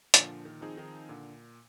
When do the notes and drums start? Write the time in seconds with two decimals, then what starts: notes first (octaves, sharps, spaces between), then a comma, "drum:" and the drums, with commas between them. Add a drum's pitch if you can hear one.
0.14 A#2 D3 F3, drum: hi-hat
0.45 D#3
0.61 F3 C4 D#4 G#4
0.78 D#3
1.09 A#2 D3